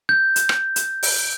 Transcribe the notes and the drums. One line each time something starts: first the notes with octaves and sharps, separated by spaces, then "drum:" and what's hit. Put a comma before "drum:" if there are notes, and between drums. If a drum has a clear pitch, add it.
G6
drum: hi-hat
drum: rim click
drum: hi-hat
drum: open hi-hat